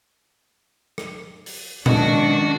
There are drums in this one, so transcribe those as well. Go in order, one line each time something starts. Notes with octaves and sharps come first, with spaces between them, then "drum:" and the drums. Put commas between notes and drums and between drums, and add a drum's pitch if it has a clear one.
drum: rim click
drum: open hi-hat
C#2 D#3 A3 D4 F#4 D#5, drum: tom A#2